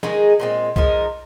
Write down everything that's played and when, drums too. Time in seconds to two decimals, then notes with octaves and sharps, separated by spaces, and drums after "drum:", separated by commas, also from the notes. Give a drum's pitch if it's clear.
0.03 D#3 G#3 D#4 G#4, drum: snare
0.40 A#2 G#3 C4
0.76 F3 G#3 D#4 A#4, drum: kick C2